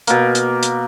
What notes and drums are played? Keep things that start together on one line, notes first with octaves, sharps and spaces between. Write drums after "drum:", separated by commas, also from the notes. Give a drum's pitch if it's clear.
B2 A#3, drum: hi-hat
drum: hi-hat
drum: hi-hat